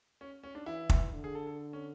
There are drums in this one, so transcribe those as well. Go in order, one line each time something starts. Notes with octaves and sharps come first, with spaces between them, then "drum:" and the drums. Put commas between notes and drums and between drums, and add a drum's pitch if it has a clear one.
C#4
C#4
D4
E3 E4
drum: kick
D3
G#4
A4
A4
C#4